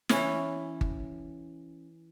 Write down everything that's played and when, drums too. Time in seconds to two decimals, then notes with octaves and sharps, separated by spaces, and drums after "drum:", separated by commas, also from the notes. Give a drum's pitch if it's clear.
0.09 E3 C#4 E4, drum: snare
0.81 drum: kick G1